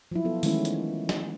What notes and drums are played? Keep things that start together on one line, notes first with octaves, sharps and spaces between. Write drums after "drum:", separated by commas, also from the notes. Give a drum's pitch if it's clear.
F3 F#3 E4
B3 F4 A4
D#3 E3 G#3 A3 C#4 E4, drum: open hi-hat
drum: hi-hat
drum: snare